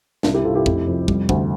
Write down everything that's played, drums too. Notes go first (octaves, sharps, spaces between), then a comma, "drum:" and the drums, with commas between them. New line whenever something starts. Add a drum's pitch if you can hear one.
C2 D4 F4, drum: snare
E4 G4
C3 F4 A4
E4 G4
F1, drum: kick
F2
G3, drum: kick
D2, drum: kick